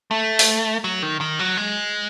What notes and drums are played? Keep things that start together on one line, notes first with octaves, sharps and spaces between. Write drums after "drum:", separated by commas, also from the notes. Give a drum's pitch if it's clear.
A3
drum: open hi-hat
F#3
D#3
D#3
F#3
G#3